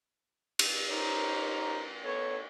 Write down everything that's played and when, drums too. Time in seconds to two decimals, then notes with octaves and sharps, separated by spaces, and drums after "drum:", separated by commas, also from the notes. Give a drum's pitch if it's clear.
0.59 drum: cymbal
0.89 D#4 G4 A#4 C5 C#5
2.03 B3 A4 C#5